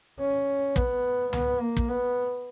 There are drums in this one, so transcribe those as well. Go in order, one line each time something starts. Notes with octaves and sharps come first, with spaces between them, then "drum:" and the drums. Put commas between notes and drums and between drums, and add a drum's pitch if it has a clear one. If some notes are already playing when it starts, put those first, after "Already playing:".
C#4
B3, drum: kick
B3, drum: tom C#2
A#3
drum: kick
B3